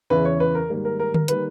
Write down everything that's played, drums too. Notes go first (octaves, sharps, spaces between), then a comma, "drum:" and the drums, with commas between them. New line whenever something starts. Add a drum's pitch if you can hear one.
E2 C#3 E3 B4
C#5
B4
A#4
G#2 D#3 G3 A#3
A#4
A#4
A#4, drum: tom D3
D#3 G3 A#3 B4, drum: hi-hat